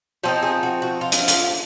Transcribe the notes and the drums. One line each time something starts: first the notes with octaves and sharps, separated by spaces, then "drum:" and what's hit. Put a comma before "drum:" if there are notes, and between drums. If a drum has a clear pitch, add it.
F3 C4 D#4 F#4
G#4
F#4
F#4
F4
drum: hi-hat
drum: hi-hat